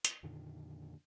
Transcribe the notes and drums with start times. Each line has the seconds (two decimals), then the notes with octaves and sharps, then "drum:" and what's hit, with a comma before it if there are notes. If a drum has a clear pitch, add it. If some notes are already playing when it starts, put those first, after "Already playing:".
0.05 drum: hi-hat
0.23 F2 A#2 D3 D#3